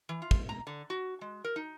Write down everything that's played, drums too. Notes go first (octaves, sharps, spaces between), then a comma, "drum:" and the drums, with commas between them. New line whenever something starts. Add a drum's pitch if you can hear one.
E3
F4
drum: kick
A#5
D3
F#4
G#3
A#4
D#4